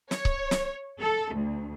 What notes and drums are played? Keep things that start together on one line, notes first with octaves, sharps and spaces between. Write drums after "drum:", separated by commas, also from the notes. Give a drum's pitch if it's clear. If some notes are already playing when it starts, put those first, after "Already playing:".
C#5, drum: snare
drum: kick C#1
drum: snare
A4
D2